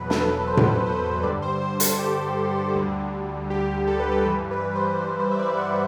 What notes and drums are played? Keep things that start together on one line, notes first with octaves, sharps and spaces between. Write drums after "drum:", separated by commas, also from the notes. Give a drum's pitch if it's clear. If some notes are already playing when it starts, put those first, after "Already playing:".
Already playing: E2 B2 F#3 B4
A4, drum: snare
C5
B4, drum: tom A2
A4
B4
C5
G2 D3 G3 D5
C5
C5
A4, drum: hi-hat
A4
G4
D2 D3 G3
G4
A4
B4
A4
G2 E3 G3 B4
B4
C5
C5
C5
E5
D5
F#5